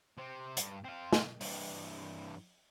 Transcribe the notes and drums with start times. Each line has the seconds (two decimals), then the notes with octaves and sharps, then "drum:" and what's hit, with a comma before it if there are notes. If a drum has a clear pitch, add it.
0.18 C3 C4
0.57 G2, drum: hi-hat
0.85 C4 F4
1.13 drum: snare
1.41 G2 E3, drum: open hi-hat